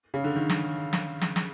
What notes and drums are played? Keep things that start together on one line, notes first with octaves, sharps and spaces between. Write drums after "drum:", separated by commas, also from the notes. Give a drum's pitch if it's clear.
C#3
D3
D#3
drum: snare
drum: snare
drum: snare
drum: snare